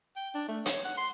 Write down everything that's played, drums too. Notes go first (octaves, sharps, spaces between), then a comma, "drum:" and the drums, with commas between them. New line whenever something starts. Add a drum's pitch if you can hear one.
G5
D4
A3
C#5, drum: hi-hat
F#5
C6